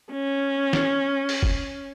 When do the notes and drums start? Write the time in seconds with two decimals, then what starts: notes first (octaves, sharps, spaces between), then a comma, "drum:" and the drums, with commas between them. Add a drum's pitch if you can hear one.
0.12 C#4
0.73 drum: snare
1.29 drum: open hi-hat
1.43 drum: kick